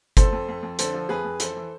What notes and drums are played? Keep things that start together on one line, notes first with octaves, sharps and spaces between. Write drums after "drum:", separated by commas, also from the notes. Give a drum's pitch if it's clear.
F2 A4 C5, drum: kick G1, hi-hat
F2
F2
F2
D3 A4 C5, drum: hi-hat
F3
F2 G#4 B4
F2
E3 A4 C5, drum: hi-hat
E3